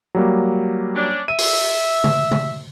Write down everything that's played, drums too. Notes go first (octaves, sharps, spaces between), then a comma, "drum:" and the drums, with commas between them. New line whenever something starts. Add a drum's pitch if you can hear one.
F#3 G3 A#3
C#4 D4
E5 D#7
drum: open hi-hat
drum: tom C#3
drum: tom C#3